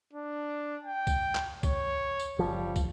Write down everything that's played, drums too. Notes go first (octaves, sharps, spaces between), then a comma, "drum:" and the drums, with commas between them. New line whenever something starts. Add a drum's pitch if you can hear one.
D4
G5
drum: kick, tambourine
drum: clap
C#5, drum: kick, tambourine
drum: tambourine
F#1 F3 G3
drum: kick, tambourine